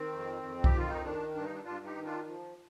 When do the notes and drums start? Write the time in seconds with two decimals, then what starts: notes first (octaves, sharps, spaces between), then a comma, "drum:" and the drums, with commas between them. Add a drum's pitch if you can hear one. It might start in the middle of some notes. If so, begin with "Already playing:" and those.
Already playing: D#3 C4
0.13 F2
0.43 F2
0.64 G4, drum: kick C2
0.73 D#3 F4
0.90 D#4
1.04 D#3 D4
1.34 G2 D4
1.45 D#4
1.54 D4
1.65 G2 D4 F4
1.85 D#4 G4
1.95 D#3
2.06 D4 F4
2.26 F3